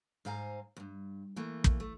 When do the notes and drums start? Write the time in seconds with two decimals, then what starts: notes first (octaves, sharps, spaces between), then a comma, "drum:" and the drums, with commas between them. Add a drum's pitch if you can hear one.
0.25 G#2 C5 F5 G#5 A#5
0.77 E2 G2
1.36 E3 A3 A#3
1.64 drum: kick
1.80 A3